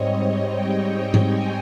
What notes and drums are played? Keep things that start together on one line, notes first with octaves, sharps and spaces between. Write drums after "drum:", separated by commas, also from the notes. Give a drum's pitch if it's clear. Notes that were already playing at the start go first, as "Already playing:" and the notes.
Already playing: G#2 G3 C4 C#5 D#5
G5
drum: tom G#2
G#5